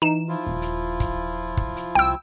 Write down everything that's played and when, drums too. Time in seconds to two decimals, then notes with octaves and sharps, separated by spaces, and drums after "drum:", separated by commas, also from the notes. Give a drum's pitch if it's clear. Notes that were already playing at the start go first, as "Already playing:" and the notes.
0.02 E3 D#4 E7
0.28 F3 E4 F4
0.47 D#1
0.62 drum: hi-hat
1.00 drum: kick, hi-hat
1.57 drum: kick
1.76 drum: hi-hat
1.95 C2 G5 E6